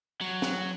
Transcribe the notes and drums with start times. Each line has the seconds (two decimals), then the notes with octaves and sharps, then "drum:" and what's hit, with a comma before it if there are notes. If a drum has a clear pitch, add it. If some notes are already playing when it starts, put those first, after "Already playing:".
0.21 F#3, drum: tambourine
0.42 drum: snare